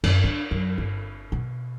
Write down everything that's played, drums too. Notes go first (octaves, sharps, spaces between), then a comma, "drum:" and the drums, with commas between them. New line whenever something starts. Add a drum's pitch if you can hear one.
F#2, drum: cymbal
D4
F#2
G1
B2